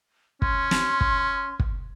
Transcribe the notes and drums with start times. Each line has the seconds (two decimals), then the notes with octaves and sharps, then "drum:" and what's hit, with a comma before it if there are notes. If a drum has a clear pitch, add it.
0.42 C#4 C6, drum: kick
0.71 drum: snare
1.01 drum: kick
1.59 drum: kick